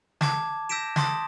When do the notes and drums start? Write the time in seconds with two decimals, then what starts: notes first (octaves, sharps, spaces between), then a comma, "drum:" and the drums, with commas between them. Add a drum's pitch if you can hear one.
0.21 A5 D6 G#6, drum: snare
0.69 E6 G6 A#6 B6 D7 E7
0.96 A5 C6 D#6 A6, drum: snare